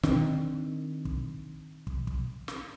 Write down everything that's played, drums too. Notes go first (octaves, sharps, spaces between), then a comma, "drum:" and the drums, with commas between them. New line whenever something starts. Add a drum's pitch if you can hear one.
D#3 C4 D4, drum: snare
drum: kick
drum: kick
drum: kick
drum: snare